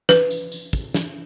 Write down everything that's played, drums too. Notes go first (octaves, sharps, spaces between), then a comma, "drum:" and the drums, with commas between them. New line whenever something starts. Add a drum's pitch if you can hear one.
B4, drum: snare
drum: tambourine
drum: tambourine
drum: kick, tambourine
drum: snare